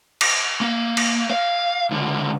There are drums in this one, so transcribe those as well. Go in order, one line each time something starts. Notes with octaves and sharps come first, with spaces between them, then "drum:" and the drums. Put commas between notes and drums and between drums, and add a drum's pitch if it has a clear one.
drum: cymbal
A#3
drum: cymbal
F5
C#2 D3